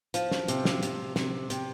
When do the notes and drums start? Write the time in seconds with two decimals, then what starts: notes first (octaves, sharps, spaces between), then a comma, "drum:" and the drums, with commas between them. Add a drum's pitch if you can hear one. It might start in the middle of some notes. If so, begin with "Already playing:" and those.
0.14 F3, drum: hi-hat
0.31 drum: snare
0.48 C3, drum: hi-hat
0.65 drum: snare
0.83 C3, drum: hi-hat
1.16 C3, drum: snare
1.50 C3, drum: hi-hat